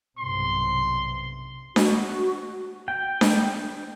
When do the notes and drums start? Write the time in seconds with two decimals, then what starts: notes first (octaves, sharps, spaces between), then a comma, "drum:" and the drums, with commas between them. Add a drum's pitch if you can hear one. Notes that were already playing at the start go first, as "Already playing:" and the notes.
0.18 B1 G2 C3 C6
1.76 F#4, drum: snare D4
2.88 G5
3.21 drum: snare D4